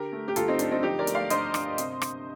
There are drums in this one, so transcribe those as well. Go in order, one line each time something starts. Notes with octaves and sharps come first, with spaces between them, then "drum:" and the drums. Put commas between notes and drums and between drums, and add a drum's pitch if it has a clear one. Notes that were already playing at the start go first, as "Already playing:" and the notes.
Already playing: D3 G4 A#4
A3
G4
D2 F4 A4, drum: hi-hat
C4 D#4
D2 D4, drum: hi-hat
C4 D#4
F3 D#4 G4
A#4 D5
A3, drum: hi-hat
D5 F5
G2 C5 D#5, drum: hi-hat
G2, drum: rim click
C3, drum: hi-hat
drum: rim click